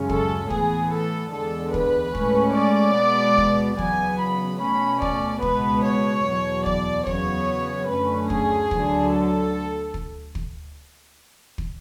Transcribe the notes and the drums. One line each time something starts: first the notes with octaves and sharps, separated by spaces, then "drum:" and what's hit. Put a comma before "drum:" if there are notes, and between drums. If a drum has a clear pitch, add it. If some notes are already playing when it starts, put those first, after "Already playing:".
Already playing: F#2 C#3 G#3 C#4
A4, drum: kick
A2 E3 B3 G#4, drum: kick
A4
E2 D3 G#3 A4
B4, drum: kick
A2 G#3 C#4, drum: kick
D5
B2 G#3 B3
drum: kick
E2 C#3 F#3 B3 G#5, drum: kick
B5
B2 A3 C#4 B5
D5, drum: kick
C#2 B2 G#3 B3 B4, drum: kick
C#5
E2 B2 F#3
D5, drum: kick
E2 C#3 F#3 B3 C#5, drum: kick
F#2 D3 A3 C#4 B4
G#4, drum: kick
D2 D3 F#3, drum: kick
A4
drum: kick
drum: kick
drum: kick